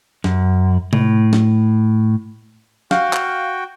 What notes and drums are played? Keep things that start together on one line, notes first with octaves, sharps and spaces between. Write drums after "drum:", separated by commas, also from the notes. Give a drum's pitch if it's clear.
F#2, drum: snare
A2, drum: tom C3
drum: snare
F#4 F5 G5, drum: snare
drum: clap